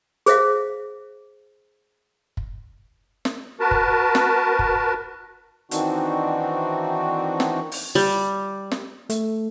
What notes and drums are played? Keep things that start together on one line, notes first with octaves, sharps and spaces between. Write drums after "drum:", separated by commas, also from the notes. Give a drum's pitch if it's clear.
G#4 C5 E5 F5, drum: hi-hat
drum: kick
drum: snare
F#4 A#4 B4 A5
drum: kick
drum: snare
drum: kick
D#3 E3 C4 D4 D#4 F#4, drum: hi-hat
drum: snare
drum: open hi-hat
G3, drum: open hi-hat
drum: snare
A3, drum: hi-hat